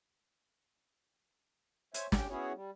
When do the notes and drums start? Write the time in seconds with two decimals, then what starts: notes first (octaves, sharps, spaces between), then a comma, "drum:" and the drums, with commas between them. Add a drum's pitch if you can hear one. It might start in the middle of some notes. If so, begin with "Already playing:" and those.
1.94 C5 C#5 E5 G#5, drum: hi-hat
2.12 C#4 G4 G5, drum: snare
2.29 B3 C#4 E4 F#4 G#4 C#5
2.53 G3